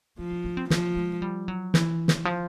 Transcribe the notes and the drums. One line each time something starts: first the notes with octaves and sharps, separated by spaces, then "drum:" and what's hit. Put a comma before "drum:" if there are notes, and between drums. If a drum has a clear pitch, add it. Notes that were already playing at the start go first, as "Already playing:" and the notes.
F3 D4
D4
D4
C4
F3 A#3, drum: snare
G#3
G3
F#3
E3, drum: snare
drum: snare
F3